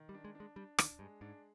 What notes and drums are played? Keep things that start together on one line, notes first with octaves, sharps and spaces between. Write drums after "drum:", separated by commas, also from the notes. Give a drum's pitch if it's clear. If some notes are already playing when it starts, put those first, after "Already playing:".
Already playing: D#3
G3
D4
G#3
D4
G#3
G3 D4
D#3 D4, drum: rim click
G2 G#3
G#2 D4